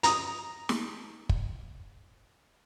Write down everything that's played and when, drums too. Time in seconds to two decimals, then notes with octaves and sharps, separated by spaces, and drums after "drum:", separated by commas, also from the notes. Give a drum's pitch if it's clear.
0.03 A#5 D#6, drum: hi-hat
0.69 drum: snare
1.29 drum: kick